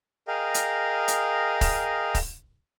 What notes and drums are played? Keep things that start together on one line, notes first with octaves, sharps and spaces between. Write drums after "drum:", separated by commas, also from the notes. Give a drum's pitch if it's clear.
G#4 A#4 D#5 F5 G5
drum: hi-hat
drum: hi-hat
drum: kick, open hi-hat
drum: kick, open hi-hat